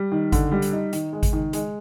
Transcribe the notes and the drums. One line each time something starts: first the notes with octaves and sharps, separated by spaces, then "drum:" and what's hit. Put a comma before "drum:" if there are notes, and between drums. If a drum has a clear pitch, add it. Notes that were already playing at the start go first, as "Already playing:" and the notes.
Already playing: G3
D#3
D3, drum: kick G#1, hi-hat
G3
drum: hi-hat
D#4
D#3, drum: hi-hat
G#3
drum: kick G#1, hi-hat
D#3
G#3, drum: hi-hat